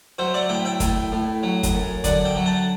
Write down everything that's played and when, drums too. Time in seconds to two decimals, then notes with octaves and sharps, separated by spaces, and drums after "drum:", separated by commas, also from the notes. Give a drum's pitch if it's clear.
0.19 F#3 C5 E5
0.34 D5 F#5
0.49 A2 E5 G5
0.65 E5 G5
0.80 A2, drum: kick, hi-hat
1.12 A2
1.43 F#3
1.63 drum: kick, hi-hat
1.74 F#2
2.04 D3 D5 F#5, drum: kick, hi-hat
2.25 E5 G5
2.35 F#3
2.46 F#5 A5